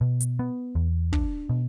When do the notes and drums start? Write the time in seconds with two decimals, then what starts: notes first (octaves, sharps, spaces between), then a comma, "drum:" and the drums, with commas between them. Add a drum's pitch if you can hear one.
0.01 B2
0.20 drum: hi-hat
0.39 B3
0.75 E2
1.13 D4, drum: kick
1.49 B2